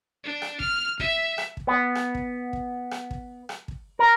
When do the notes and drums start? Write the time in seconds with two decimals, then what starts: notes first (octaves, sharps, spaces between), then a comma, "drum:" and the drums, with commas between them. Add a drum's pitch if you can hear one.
0.24 D4
0.42 drum: rim click
0.60 F6, drum: kick
0.99 E5, drum: kick
1.38 drum: rim click
1.57 drum: kick
1.67 B3
1.95 drum: rim click
2.15 drum: kick
2.53 drum: kick
2.91 drum: rim click
3.11 drum: kick
3.49 drum: rim click
3.68 drum: kick
3.99 A#4